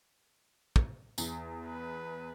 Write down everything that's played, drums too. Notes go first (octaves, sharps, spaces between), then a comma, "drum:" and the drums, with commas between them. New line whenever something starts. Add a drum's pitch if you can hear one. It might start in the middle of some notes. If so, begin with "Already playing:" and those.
drum: kick
E2, drum: tambourine
B4